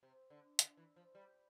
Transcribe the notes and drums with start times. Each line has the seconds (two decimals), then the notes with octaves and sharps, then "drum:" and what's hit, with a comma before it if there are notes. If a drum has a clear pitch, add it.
0.03 C3
0.30 D3
0.59 D3, drum: hi-hat
0.77 E3
0.96 F3
1.15 G3